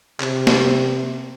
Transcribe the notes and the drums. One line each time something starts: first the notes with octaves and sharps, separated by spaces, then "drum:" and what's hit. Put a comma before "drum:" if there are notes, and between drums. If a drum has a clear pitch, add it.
C3, drum: clap
drum: snare